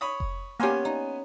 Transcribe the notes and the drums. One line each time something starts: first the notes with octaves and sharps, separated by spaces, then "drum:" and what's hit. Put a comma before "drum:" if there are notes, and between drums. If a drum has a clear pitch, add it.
C#5 B5 D#6
drum: kick F1
A#3 B3 C#4 G4 F5 G#5 C6
D#4